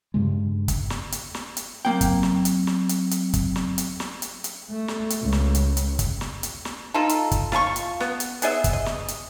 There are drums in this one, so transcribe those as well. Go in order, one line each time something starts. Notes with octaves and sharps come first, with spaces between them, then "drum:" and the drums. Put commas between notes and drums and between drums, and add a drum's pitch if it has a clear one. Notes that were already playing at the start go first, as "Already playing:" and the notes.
G2 C#3 G#3
drum: kick, hi-hat
drum: snare
drum: hi-hat
drum: snare
drum: hi-hat
F#3 A#3 C4 G5
drum: kick, hi-hat
drum: snare
drum: hi-hat
drum: snare
drum: hi-hat
drum: hi-hat
drum: kick, hi-hat
drum: snare
drum: hi-hat
drum: snare
drum: hi-hat
drum: hi-hat
A3
drum: snare
drum: hi-hat
C#2
drum: snare
drum: hi-hat
drum: hi-hat
drum: kick, hi-hat
drum: snare
drum: hi-hat
drum: snare
D#4 F4 A4
drum: hi-hat
drum: kick, hi-hat
F4 F5 A5 C#6, drum: snare
drum: hi-hat
B3, drum: snare
drum: hi-hat
B3 G#4 D#5 E5, drum: hi-hat
drum: kick, hi-hat
D#5
drum: snare
drum: hi-hat